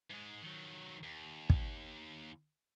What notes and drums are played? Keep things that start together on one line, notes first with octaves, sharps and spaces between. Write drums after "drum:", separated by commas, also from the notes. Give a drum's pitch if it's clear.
G#2 G#3
D#3 F#3
D#2
drum: kick